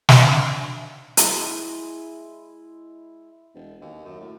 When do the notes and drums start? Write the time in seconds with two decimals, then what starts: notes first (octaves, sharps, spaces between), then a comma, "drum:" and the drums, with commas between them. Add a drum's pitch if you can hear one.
0.09 drum: snare
0.18 D4 D#4 A4
1.17 G#3 E4, drum: hi-hat
3.55 E1
3.81 D#2
4.05 F#2
4.21 A2